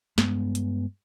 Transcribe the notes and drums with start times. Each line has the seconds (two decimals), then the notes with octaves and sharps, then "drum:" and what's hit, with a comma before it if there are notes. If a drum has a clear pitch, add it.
0.18 G2 G#3 B3, drum: snare
0.55 drum: hi-hat